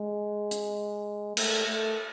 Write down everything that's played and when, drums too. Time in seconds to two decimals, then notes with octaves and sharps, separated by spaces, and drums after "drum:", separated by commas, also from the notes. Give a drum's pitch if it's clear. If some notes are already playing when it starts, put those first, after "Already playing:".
Already playing: G#3
0.51 drum: hi-hat
1.37 A3, drum: cymbal
1.67 A3